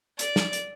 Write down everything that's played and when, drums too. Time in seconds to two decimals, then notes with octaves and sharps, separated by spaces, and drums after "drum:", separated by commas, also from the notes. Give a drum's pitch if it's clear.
0.19 D5, drum: hi-hat
0.36 drum: snare
0.53 drum: hi-hat